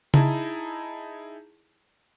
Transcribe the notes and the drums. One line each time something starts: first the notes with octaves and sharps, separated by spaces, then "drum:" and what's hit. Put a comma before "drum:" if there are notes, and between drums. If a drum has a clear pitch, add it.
D#4 E4 G#4 A5 A#5, drum: tom C#3